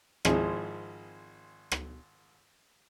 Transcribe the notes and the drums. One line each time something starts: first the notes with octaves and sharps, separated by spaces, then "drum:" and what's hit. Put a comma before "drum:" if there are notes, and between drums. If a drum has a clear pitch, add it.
G#1 F3 G#3 E4 G#4 C5, drum: rim click
drum: rim click